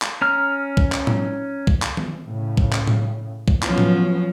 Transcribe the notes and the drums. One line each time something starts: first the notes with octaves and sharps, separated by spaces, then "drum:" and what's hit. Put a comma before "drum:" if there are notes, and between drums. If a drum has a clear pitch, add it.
drum: clap
C#4 A#5 F6
drum: kick
drum: clap
drum: tom
drum: kick
drum: clap
drum: tom
A2 C#3
drum: kick
drum: clap
drum: tom
drum: kick
F3 F#3 B3 C#4, drum: clap
drum: tom